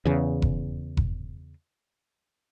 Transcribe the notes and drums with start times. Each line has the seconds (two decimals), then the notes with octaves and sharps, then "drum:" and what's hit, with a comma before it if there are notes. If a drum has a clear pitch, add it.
0.05 E2 C#3
0.42 drum: kick F1
0.97 drum: kick F1